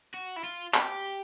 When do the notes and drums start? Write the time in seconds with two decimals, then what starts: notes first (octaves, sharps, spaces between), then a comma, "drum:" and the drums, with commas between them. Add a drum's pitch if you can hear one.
0.14 F#4
0.37 E4
0.44 F4
0.74 G4, drum: clap